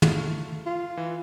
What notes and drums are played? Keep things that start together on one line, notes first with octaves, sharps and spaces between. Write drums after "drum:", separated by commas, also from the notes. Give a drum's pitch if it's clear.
A3 F5, drum: tom
F4
E3